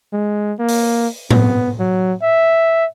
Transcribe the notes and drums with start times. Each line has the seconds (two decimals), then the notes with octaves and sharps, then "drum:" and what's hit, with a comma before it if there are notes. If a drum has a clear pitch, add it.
0.13 G#3
0.59 A#3
0.68 drum: open hi-hat
1.31 B3, drum: tom A2
1.79 F#3
2.22 E5